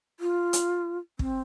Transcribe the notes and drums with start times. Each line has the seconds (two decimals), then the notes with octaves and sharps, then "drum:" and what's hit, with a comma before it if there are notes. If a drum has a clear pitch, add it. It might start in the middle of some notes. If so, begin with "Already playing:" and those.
0.20 F4
0.53 drum: hi-hat
1.19 C4, drum: kick